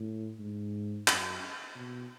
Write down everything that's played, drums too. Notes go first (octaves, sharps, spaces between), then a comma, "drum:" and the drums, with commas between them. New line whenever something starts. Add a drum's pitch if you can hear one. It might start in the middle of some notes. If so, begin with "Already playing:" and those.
Already playing: A2
G#2
F#2, drum: clap
B2